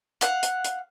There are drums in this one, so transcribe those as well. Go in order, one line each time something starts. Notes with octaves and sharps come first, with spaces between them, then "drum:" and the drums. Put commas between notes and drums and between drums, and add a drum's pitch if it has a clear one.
F5 F#5, drum: hi-hat
drum: hi-hat
drum: hi-hat